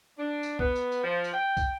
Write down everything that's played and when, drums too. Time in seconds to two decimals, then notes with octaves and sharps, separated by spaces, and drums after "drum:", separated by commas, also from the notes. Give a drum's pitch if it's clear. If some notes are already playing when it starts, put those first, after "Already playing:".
0.19 D4
0.43 drum: tambourine
0.59 B3, drum: kick
0.75 drum: tambourine
0.92 drum: tambourine
1.04 F3
1.24 drum: tambourine
1.34 G5
1.57 drum: kick, tambourine